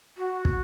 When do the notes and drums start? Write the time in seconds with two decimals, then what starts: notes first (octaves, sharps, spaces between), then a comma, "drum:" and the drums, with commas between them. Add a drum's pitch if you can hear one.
0.18 F#4
0.45 drum: kick